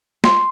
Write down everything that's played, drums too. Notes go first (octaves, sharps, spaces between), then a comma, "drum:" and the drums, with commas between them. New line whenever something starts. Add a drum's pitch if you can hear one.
C6, drum: snare